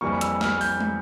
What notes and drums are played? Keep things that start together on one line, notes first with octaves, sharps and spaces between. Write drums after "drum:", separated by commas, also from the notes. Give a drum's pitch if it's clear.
F2 E3 G3 A#3 C#6
E6, drum: hi-hat
F6, drum: snare
G6, drum: open hi-hat
drum: tom